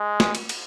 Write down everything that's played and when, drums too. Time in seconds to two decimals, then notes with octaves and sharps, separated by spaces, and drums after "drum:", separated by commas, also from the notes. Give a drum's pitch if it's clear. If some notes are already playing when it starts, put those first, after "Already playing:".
Already playing: G#3
0.20 drum: snare
0.35 drum: cymbal
0.49 drum: cymbal